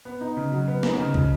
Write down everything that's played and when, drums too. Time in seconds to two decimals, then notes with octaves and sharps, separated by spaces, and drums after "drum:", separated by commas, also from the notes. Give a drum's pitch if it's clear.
0.05 B3
0.21 D#4
0.37 C#3
0.52 F#3
0.68 B3
0.83 D#4, drum: snare
0.99 C#3
1.14 F3, drum: kick